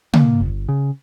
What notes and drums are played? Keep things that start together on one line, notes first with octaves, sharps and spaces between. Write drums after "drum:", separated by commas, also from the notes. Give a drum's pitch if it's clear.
A#3, drum: tom
G1
C#3